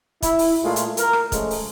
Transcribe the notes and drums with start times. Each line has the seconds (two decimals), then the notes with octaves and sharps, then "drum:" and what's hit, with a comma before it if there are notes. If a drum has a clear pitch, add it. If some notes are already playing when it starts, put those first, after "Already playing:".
0.22 E4, drum: kick, hi-hat
0.39 drum: open hi-hat
0.64 A#2 G#3 A3 F4
0.76 drum: hi-hat
0.97 A#4, drum: hi-hat
1.13 drum: rim click
1.32 C#3 F3 G#3 A3, drum: kick, hi-hat
1.51 drum: open hi-hat